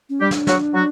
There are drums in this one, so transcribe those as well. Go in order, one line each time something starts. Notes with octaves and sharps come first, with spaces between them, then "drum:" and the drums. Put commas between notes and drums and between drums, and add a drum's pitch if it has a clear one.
C#4
G3 D4 G4
drum: snare
F#3 F#4, drum: snare
F#3 F#4